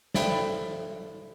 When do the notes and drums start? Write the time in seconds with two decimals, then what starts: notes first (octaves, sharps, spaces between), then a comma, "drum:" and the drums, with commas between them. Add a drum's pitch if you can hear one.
0.14 A4 C5 D5 E5 G5 B5, drum: snare